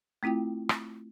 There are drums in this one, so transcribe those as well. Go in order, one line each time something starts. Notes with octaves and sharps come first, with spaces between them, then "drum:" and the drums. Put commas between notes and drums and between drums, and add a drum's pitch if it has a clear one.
A3 C4 E4 F4 G5
drum: rim click